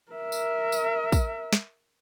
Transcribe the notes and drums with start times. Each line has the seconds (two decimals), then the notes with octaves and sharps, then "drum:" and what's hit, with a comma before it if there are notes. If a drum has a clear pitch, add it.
0.12 A#4 E5
0.32 drum: tambourine
0.72 drum: tambourine
1.12 drum: kick, tambourine
1.53 drum: snare